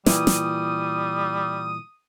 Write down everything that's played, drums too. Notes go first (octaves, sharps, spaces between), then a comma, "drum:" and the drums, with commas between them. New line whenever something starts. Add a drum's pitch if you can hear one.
A#2 E3 G3 D#6, drum: snare
drum: snare